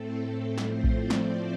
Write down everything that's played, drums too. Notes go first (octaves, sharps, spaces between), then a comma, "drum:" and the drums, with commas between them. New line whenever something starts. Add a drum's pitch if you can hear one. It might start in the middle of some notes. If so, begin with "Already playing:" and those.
Already playing: A2 A3 C4 A4
A2 F3 A3 C4 C5, drum: snare
drum: kick A#1
D5
drum: snare